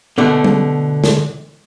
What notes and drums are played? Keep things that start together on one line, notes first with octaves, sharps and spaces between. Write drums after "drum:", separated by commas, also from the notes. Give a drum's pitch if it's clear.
B2 D3 A3
drum: tom
drum: snare